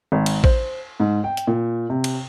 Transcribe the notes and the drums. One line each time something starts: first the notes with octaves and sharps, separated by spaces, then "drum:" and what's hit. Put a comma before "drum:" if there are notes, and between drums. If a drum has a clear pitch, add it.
G#1
drum: cymbal
C5, drum: kick A1
G#2
G5
drum: hi-hat
A#2
C3
drum: cymbal